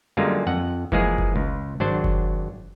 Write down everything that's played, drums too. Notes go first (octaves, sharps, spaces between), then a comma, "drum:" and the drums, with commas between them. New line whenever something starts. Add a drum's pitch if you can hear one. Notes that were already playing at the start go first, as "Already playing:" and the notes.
F#2 D3 G3 G#3 A#3 F4
F2 F#5
E3 F3 G#3 A#3 G#4, drum: kick F#1
drum: kick F#1
C#2
G#1 F#3 D4 C5
drum: kick F#1